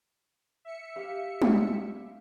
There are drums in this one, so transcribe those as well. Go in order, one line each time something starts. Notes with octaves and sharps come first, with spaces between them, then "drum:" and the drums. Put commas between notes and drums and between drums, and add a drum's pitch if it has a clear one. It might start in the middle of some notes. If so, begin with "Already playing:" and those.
E5 C#7
G4 F5
drum: tom G3